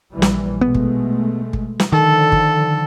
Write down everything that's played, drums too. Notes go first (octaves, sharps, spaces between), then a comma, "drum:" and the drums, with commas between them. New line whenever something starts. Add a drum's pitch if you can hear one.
A#1 E3 G3
drum: snare
B2 G#3 A3 B3
drum: kick
drum: kick
drum: snare
D3 D#3 F3 A4
drum: kick